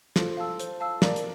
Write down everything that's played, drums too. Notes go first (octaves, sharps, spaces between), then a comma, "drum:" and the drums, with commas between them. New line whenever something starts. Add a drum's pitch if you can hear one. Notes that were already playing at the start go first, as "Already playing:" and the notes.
F4 A4 C5, drum: snare
F5 A5 E6
C5, drum: hi-hat
F5 A5 E6
A#4 D5 F5, drum: snare
drum: hi-hat